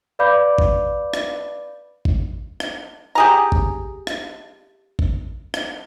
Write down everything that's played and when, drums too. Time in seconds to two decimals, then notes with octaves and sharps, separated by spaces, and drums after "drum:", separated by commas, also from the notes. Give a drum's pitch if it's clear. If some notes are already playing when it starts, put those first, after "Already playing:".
0.19 B4 D5 F5 B5 D6 G6
0.58 drum: kick G#1
1.14 drum: rim click
2.05 drum: kick G#1
2.60 drum: rim click
3.15 G4 G#4 A#5
3.52 drum: kick G#1
4.07 drum: rim click
4.99 drum: kick G#1
5.54 drum: rim click